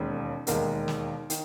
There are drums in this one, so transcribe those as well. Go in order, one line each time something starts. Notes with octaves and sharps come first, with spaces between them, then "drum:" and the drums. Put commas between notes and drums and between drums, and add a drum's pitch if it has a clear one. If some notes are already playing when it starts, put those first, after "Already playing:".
Already playing: E1 D#2 D#3 G#3 C#4 C#5
E1 D#2 D#3 G#3 A#4, drum: hi-hat
drum: snare
D#3, drum: hi-hat